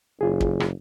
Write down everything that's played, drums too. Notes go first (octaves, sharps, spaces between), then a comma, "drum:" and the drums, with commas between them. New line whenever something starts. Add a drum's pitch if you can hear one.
F#1 F4 G#4
drum: kick
drum: rim click